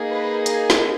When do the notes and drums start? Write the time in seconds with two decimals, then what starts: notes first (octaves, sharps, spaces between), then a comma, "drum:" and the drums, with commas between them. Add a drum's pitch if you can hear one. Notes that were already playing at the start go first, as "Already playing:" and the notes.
Already playing: A#3 D#4 G#4
0.11 B4
0.46 G#5, drum: hi-hat
0.70 drum: snare